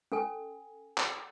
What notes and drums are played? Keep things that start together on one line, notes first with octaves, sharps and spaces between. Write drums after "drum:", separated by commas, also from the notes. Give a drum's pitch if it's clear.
C#4 A4 G#5
drum: clap